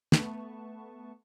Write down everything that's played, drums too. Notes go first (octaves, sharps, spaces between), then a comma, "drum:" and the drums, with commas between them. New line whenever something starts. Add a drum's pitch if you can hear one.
A3 B3 B4 A5 C#6, drum: snare